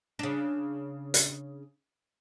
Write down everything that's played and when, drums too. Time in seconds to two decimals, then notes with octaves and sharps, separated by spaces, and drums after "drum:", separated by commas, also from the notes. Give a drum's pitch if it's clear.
0.19 C#3 D4
1.14 drum: hi-hat